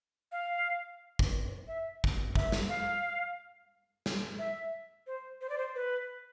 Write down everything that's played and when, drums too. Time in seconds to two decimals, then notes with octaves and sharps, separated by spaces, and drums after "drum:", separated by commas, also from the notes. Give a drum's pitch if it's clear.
0.32 F5
1.19 drum: kick
1.68 E5
2.04 drum: kick
2.35 E5, drum: kick
2.52 drum: snare
2.69 F5
4.06 drum: snare
4.39 E5
5.07 C5
5.41 C5
5.49 D5
5.58 C5
5.75 B4